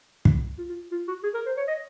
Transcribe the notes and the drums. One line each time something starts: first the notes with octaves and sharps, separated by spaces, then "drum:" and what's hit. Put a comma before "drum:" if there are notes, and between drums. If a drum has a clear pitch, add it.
drum: kick
F4
F4
F4
F#4
G#4
A#4
C5
C#5
D#5